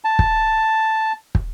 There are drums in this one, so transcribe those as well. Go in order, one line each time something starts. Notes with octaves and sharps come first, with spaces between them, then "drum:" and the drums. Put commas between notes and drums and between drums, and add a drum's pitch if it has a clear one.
A5
drum: kick
drum: kick